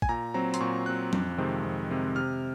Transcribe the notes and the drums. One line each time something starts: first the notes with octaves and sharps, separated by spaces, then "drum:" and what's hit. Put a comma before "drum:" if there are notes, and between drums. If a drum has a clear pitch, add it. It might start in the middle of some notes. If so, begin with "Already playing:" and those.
G#5, drum: kick
A#2 A#5
F#3 C4 A#5
C6, drum: hi-hat
A#2 C#6
F#3 C4 F#6
F2, drum: tom
C3 D#3 G#3 C4
F2
C3 D#3 G#3 C4
C3 F6